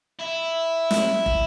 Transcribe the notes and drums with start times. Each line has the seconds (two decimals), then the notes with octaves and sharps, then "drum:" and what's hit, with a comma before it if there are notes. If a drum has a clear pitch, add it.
0.19 E4
0.91 drum: snare
1.26 drum: kick